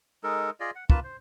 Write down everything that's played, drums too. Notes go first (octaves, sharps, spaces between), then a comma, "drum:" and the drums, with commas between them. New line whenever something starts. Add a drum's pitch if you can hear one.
G#3 D#4 A4 A#4
F4 G#4 D5 D#5
F#5
A#3 F4 B4 A5, drum: kick
C5